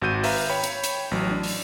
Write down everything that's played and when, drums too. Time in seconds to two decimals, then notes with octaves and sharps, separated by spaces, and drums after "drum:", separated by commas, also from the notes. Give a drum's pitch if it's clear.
0.02 G#1 F#4 G6 D#7
0.24 B4 E5 F5 A#5, drum: open hi-hat
0.50 C#5 G5 B5
0.64 drum: hi-hat
0.84 drum: hi-hat
1.11 A1 F#3
1.31 D4
1.43 drum: open hi-hat